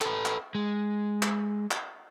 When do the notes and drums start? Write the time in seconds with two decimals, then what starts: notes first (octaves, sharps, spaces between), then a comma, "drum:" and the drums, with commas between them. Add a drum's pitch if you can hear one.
0.01 A4 B4, drum: clap
0.25 drum: clap
0.55 G#3
1.22 drum: clap
1.71 drum: clap